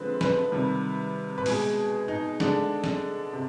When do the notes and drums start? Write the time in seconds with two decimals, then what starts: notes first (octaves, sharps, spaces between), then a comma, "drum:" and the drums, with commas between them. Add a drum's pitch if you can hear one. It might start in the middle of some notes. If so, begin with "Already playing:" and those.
Already playing: D3 F3 G#3 C4 B4
0.21 B4, drum: snare
0.52 C3 D#3 G3
1.38 B4
1.46 B2 G#3 G#4, drum: open hi-hat
2.08 D#4
2.40 D3 G#3 D4, drum: snare
2.84 drum: snare
3.33 C3